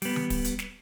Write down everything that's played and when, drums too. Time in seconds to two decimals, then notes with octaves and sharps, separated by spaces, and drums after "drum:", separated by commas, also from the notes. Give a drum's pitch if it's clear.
0.02 G3 B3, drum: open hi-hat
0.16 drum: tom D#3
0.30 drum: kick D1, open hi-hat
0.44 drum: hi-hat
0.59 drum: snare